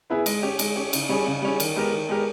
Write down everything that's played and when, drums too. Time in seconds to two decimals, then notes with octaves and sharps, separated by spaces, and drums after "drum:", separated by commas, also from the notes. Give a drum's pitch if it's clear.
0.10 B3 E4 G#4 B4
0.26 G#3, drum: cymbal
0.42 C#4 G4
0.59 G#3, drum: cymbal
0.76 C#4 G4
0.93 C#3, drum: cymbal
1.09 G3 C#4 G#4
1.26 C#3
1.42 G3 C#4 G#4
1.60 D#3, drum: cymbal
1.76 G#3 B3 G4 A#4
1.93 D#3
2.09 G#3 B3 G4 A#4